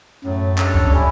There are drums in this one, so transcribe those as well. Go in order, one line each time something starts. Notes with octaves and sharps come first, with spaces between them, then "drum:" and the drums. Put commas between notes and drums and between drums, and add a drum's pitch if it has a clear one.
F#2 A2 F#3 A3
G3 D4 A4 C#5, drum: clap
drum: kick
G3 C#4 E4, drum: kick